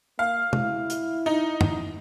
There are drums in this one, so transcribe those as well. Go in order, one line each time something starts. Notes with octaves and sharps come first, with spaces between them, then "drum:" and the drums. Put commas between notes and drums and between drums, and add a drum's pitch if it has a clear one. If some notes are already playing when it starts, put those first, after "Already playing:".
A#3 F5
E4, drum: tom
drum: hi-hat
D#4
drum: tom